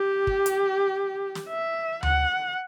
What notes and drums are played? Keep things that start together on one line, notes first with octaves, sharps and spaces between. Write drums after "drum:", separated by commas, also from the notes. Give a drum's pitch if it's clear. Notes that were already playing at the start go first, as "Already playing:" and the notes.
Already playing: G4
drum: kick
drum: hi-hat
drum: snare
E5
F#5, drum: tom D2